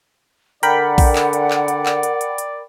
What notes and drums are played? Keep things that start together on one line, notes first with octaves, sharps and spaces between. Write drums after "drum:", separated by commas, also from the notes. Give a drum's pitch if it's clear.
D3 A#4 D5 F#5 G5 B5, drum: hi-hat
drum: kick A#1, open hi-hat
drum: clap
drum: hi-hat
drum: clap
drum: hi-hat
drum: clap
drum: hi-hat
drum: hi-hat
drum: hi-hat